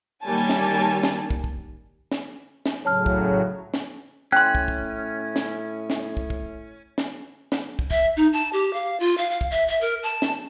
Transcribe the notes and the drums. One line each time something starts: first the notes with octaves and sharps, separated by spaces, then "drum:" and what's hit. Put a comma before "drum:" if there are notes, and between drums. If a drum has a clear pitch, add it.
D#3 G3 A#3 C#5 G#5 A5
drum: snare
drum: snare
drum: kick
drum: kick
drum: snare
drum: snare
A2 C#3 F#3 C#5 A5 F6
drum: kick
drum: snare
A2 C#4 G5 C6 F#6
drum: kick
drum: kick
drum: snare
drum: snare
drum: kick
drum: kick
drum: snare
drum: snare
drum: kick
E5, drum: kick
D#4
A5
G4
F5
F4
F5
F5
drum: kick
E5
E5
A#4
A5
drum: snare